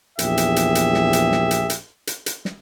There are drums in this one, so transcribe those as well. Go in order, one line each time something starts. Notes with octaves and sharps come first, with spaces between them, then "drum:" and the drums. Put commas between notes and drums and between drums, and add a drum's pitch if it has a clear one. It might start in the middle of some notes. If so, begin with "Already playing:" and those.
A#1 E2 G4 G#4 E5, drum: hi-hat
drum: hi-hat
drum: hi-hat
drum: hi-hat
drum: snare
drum: hi-hat
drum: snare
drum: hi-hat
drum: hi-hat
drum: hi-hat
drum: hi-hat
drum: snare